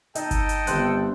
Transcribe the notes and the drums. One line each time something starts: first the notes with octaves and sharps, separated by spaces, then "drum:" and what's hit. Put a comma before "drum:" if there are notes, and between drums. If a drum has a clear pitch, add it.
D#4 A4 D#5 G5, drum: hi-hat
drum: kick G1, hi-hat
drum: hi-hat
G1 G2 C4 F#6, drum: hi-hat